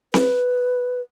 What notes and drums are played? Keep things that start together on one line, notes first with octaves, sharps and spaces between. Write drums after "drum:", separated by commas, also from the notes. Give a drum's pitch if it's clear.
B4, drum: snare C4